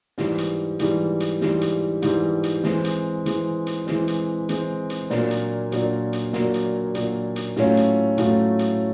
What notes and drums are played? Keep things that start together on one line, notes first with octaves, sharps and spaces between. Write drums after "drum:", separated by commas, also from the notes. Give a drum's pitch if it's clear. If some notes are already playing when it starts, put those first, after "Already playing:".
G#2 E3 G3, drum: snare
drum: hi-hat
G#2 E3 G3, drum: hi-hat
drum: hi-hat
G#2 E3 G3, drum: snare
drum: hi-hat
G#2 E3 G3, drum: hi-hat
drum: hi-hat
E3 G#3 C4, drum: snare
drum: hi-hat
E3 G#3 C4, drum: hi-hat
drum: hi-hat
E3 G#3 C4, drum: snare
drum: hi-hat
E3 G#3 C4, drum: hi-hat
drum: hi-hat
A#2 F#3 A#3 D4, drum: snare
drum: hi-hat
A#2 F#3 A#3 D4, drum: hi-hat
drum: hi-hat
A#2 F#3 A#3 D4, drum: snare
drum: hi-hat
A#2 F#3 A#3 D4, drum: hi-hat
drum: hi-hat
A2 F#3 A3 C#4 F4, drum: snare
drum: hi-hat
A2 F#3 A3 C#4 F4, drum: hi-hat
drum: hi-hat